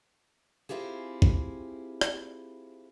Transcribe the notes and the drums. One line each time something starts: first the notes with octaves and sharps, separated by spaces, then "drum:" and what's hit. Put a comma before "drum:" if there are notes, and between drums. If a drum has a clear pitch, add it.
C4 E4 F4 G4 G#4
drum: kick A#1
drum: rim click